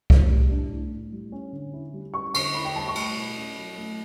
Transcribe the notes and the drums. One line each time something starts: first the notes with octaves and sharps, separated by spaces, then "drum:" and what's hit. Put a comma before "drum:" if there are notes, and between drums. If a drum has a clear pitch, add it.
A2, drum: kick C2
G3
D4
A2
A2
G3
C#4
D3
E4
G3
C#4 C#6
D3 C#6, drum: cymbal
E4 B5
G5
G3 A5
C#6
A3 B5, drum: cymbal
B2
C#4
F#3
A3